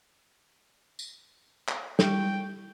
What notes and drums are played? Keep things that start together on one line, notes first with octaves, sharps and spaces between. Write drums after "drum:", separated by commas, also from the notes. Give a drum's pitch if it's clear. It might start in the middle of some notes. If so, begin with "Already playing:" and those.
drum: tambourine
drum: clap
G3 E4 G5 C#6, drum: snare